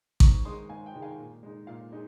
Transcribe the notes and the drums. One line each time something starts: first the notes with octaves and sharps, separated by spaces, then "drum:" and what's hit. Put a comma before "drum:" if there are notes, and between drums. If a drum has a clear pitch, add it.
G#2 A#5 C#6, drum: kick A1
D#3 G#3 D#4 C6 D#6
G#2 F5 G#5
G5
D#3 G#3 D#4
F5 G#5
A#2
G#3 D#4
A#2 F5
G#3 D#4